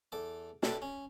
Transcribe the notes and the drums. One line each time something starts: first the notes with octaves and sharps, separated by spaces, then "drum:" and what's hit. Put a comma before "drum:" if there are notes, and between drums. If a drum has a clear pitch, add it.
E2 A4 D6
D4 E4 G4 A4 B4 D6, drum: snare
C#4